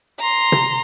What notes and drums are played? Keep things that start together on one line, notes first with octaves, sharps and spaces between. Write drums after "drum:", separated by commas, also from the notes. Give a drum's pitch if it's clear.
A#5 C6
drum: tom